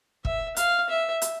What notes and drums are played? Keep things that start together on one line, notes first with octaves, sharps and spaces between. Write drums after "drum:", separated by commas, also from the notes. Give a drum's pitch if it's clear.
E5, drum: kick
F5, drum: hi-hat
E5
drum: hi-hat